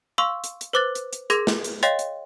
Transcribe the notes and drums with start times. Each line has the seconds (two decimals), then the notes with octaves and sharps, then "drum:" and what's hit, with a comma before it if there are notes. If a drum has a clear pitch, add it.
0.18 F5 C6 C#6 E6
0.44 drum: hi-hat
0.61 drum: hi-hat
0.73 B4 C5 D6 F#6 A6
0.95 drum: hi-hat
1.13 drum: hi-hat
1.30 G#4 A#4 C6 D6 G#6 A#6, drum: hi-hat
1.47 drum: snare
1.64 drum: hi-hat
1.83 C#5 D#5 F5 G5 C6 A6, drum: hi-hat
1.99 drum: hi-hat